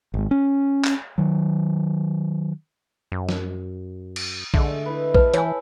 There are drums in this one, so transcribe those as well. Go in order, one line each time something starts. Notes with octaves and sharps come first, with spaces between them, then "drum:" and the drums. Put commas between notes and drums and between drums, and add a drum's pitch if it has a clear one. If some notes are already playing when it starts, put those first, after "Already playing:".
G#1 G#2
C#4
drum: clap
D#3 F#3
F#2
drum: snare
drum: cymbal
D3 G#3 A3, drum: kick A#1
E4 B4
B4 A5, drum: kick A#1
E3 C#5 G#5 B5 E6, drum: hi-hat